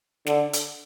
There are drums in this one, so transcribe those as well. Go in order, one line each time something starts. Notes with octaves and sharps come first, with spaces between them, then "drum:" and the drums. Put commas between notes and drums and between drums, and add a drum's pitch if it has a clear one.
D3, drum: snare
drum: hi-hat